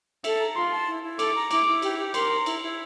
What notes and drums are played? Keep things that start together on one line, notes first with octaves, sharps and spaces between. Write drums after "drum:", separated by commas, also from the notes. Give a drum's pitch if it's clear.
A4 E5, drum: cymbal
A#5
F4 C6
A5
E4
E4
A4 D6, drum: cymbal
A#5
E4 D6, drum: cymbal
E4
G4, drum: cymbal
G4
A#4 C6, drum: cymbal
A#5
E4, drum: cymbal
E4